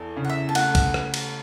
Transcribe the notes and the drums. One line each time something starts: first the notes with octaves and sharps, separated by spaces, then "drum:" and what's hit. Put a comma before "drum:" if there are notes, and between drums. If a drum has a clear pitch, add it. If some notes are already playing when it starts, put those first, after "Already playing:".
Already playing: E2 A4
C#3
F#5
E5
A5
A3 F#5, drum: cymbal
drum: kick, cymbal
drum: rim click
drum: cymbal